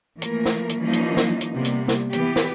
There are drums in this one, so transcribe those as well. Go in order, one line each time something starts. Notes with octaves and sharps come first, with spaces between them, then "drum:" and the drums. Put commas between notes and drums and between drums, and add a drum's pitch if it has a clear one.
E3 F3 A3 A#3 A#4, drum: hi-hat
drum: snare
drum: hi-hat
E3 F3 G3 A#3 C#4 D#4
drum: hi-hat
drum: snare
drum: hi-hat
C3 G3 A#3 B3
drum: hi-hat
drum: snare
E3 B3 G4 B4, drum: hi-hat
drum: snare